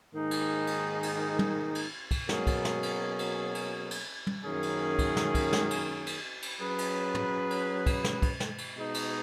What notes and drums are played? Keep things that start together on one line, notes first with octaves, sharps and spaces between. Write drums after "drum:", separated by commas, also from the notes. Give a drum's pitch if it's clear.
G#2 D#3 A#3 D#4 G#4
drum: cymbal
drum: cymbal
drum: cymbal
drum: tom
drum: cymbal
drum: kick, cymbal
B2 F#3 A#3 C#4 G#4, drum: snare
drum: kick, cymbal
drum: snare
drum: cymbal
drum: cymbal
drum: cymbal
drum: cymbal
drum: tom
F#2 D#3 A#3 C#4 G#4
drum: cymbal
drum: kick, cymbal
drum: snare
drum: kick, cymbal
drum: snare
drum: cymbal
drum: cymbal
drum: cymbal
F#3 C#4 G#4 B4
drum: cymbal
drum: tom
drum: cymbal
drum: kick, cymbal
drum: snare
drum: kick, cymbal
drum: snare
drum: cymbal
B2 G#3 D#4
drum: cymbal